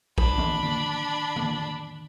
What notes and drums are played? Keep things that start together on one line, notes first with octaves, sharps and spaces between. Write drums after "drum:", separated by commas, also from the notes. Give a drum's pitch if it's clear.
D4 B5, drum: kick
drum: tom D#3
drum: tom D#3
drum: tom D#3